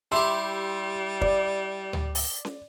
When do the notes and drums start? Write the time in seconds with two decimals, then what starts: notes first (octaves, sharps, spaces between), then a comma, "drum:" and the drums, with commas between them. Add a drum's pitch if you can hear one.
0.12 G3 E4 G4 C6
1.21 D5, drum: kick
1.93 drum: tom D2
2.15 drum: open hi-hat
2.45 drum: snare C#4